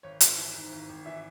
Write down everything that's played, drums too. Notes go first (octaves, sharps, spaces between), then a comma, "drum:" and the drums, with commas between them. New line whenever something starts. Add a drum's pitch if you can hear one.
G#1 C#5
G#1, drum: hi-hat
E3
G#2
G#1
G#1
E3 E5